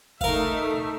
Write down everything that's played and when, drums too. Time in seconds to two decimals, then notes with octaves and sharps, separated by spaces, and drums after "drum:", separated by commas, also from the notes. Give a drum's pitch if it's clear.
0.21 A3 D#4 A#4 E5 F5, drum: kick